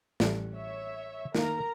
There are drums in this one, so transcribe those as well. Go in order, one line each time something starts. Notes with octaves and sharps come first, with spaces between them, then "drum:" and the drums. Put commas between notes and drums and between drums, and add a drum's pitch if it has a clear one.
A1 G3 A4, drum: snare
C#5 E5
D#3 A#3 A#4 A#5, drum: snare